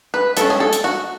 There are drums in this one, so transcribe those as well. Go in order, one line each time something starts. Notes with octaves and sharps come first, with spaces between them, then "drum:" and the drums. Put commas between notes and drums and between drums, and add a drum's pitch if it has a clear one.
B4
G#3 C#4 A4, drum: hi-hat
G#4
A4
drum: hi-hat
F#4